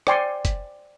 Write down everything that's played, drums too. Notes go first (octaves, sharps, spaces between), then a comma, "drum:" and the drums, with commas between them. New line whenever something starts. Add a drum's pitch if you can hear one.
C5 D5 G5 G#5 C6 C#6, drum: rim click
drum: kick F#1, hi-hat